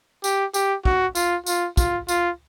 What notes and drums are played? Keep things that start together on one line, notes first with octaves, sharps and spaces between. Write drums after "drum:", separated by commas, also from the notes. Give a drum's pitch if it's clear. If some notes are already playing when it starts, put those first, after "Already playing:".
G4, drum: tambourine
G4, drum: tambourine
F#4, drum: kick
F4, drum: tambourine
F4, drum: tambourine
F4, drum: kick, tambourine
F4, drum: tambourine